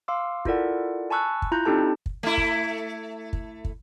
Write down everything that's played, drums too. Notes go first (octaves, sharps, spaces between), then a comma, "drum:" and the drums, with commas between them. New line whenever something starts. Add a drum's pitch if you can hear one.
F5 C6 D6 E6
E4 F4 A4 A#4 D5 F#5, drum: kick
G#5 A5 B5 C#6 E6 F#6
drum: kick
E4 F4 A#5 F#6 G6
C4 D4 D#4 G4 A4 A5
drum: kick
A3 E4
drum: kick
drum: kick
drum: kick